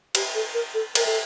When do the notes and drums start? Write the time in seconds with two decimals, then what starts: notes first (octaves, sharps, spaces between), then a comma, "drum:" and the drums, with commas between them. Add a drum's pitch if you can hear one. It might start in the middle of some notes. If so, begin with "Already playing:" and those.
0.15 G4, drum: cymbal
0.35 A4
0.54 A#4
0.74 A4
0.95 A#4, drum: cymbal
1.06 A4